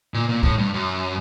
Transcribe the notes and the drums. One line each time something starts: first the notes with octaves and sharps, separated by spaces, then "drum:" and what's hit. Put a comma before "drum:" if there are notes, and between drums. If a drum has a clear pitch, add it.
A#2
A#2
A2, drum: kick
G2
F#2